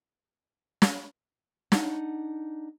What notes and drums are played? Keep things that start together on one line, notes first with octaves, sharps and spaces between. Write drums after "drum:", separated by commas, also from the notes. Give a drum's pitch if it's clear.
drum: snare
D4 D#4 F#5, drum: snare